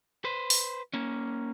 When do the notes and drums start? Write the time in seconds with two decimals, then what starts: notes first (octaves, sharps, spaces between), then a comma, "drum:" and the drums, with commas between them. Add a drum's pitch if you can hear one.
0.25 B4 C5
0.50 drum: open hi-hat
0.93 A#3 C#4